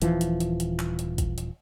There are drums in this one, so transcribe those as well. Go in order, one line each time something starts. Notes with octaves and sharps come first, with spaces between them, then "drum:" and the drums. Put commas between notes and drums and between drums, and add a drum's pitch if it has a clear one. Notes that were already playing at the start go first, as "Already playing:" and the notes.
D#1 E3 F3, drum: hi-hat
drum: hi-hat
drum: hi-hat
drum: hi-hat
drum: clap
drum: hi-hat
drum: kick, hi-hat
drum: hi-hat